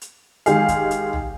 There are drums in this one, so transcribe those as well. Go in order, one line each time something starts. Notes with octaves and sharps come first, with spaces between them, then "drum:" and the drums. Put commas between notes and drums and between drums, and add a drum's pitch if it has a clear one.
drum: hi-hat
D#3 G#3 G4 G#4 F5, drum: hi-hat
drum: kick, hi-hat
drum: hi-hat
drum: tom